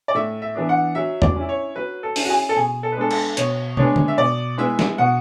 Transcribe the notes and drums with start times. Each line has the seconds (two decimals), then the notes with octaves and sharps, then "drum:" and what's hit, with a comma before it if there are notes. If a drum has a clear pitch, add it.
0.08 D5
0.15 A2 E5
0.42 E5
0.55 E3 B3 D4
0.69 F#5
0.95 F#3 E5
1.22 D5, drum: tom E2
1.36 C#4 E4
1.49 C#5
1.76 F#3 B4
2.03 A4
2.16 C#4 E4, drum: open hi-hat
2.25 F#4
2.30 G#4
2.49 A4
2.56 B2 G#4
2.83 A4
2.92 B4
2.97 G#3 B3 D4 A4
3.11 A4, drum: cymbal
3.37 B2 C#5, drum: hi-hat
3.77 G#3 B3 D4 C#5, drum: tom
3.96 drum: tom D3
4.08 E5
4.18 B2 D5
4.58 G#3 B3 E4 E5
4.79 drum: snare
4.98 B2 F#5